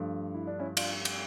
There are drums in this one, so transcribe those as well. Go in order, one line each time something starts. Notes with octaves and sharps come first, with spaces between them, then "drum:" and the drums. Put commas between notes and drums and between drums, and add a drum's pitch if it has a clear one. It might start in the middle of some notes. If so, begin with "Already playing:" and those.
Already playing: G2 F3 A3
E4
D4
C#4 E4
D4 F4, drum: cymbal
drum: cymbal